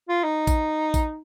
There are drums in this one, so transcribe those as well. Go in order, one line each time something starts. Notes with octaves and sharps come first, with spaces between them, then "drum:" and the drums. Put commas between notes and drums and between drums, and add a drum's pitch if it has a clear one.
F4
D#4
drum: kick A#1, tambourine
drum: kick A#1, tambourine